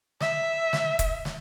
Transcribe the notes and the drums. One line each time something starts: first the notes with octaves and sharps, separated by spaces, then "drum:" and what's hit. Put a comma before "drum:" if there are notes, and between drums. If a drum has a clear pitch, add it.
E5, drum: snare
drum: snare
drum: kick, hi-hat
drum: snare